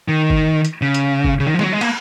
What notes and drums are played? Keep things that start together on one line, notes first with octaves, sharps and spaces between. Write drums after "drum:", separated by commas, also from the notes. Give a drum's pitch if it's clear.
D#3
drum: kick G1
drum: hi-hat
C#3
drum: hi-hat
drum: kick G1
C#3
D#3
F3
G#3, drum: snare
F#3
G#3
A#3, drum: cymbal